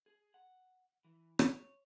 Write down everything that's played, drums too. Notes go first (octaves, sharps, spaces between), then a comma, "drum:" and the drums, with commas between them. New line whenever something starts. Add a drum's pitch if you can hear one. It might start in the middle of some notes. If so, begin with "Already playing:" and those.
G#4
F#5
E3
C#5, drum: rim click